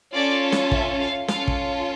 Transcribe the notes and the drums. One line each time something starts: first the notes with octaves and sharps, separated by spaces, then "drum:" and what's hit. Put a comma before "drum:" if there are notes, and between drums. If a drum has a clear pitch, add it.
C#4 F4 A4 D5
drum: snare
E5, drum: kick
F5
C#4 F4 A4 F5, drum: snare
drum: kick